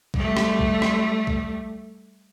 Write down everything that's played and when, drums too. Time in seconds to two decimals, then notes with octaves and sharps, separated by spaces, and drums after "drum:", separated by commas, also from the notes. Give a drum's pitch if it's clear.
0.14 G3 A3, drum: kick B1
0.37 drum: rim click
0.59 drum: kick B1
0.82 drum: rim click
1.27 drum: kick B1